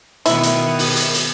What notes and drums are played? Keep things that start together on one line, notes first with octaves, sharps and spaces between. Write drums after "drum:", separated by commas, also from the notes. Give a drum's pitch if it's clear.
B2 D#3 B3 E4, drum: hi-hat
drum: hi-hat
drum: open hi-hat
drum: hi-hat
drum: hi-hat